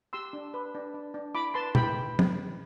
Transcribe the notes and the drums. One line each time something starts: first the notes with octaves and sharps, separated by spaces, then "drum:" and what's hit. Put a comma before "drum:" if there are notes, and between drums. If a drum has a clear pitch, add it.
G4 C6 E6
D4
B4
D4
D4
D4
E4 B5 D6
B4 A5 C6
E4 G5 B5, drum: tom
drum: tom